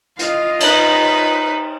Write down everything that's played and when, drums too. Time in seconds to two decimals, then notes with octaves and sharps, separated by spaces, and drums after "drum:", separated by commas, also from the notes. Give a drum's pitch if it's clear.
0.19 F4 D#5 F5, drum: hi-hat
0.60 D#4 B4, drum: cymbal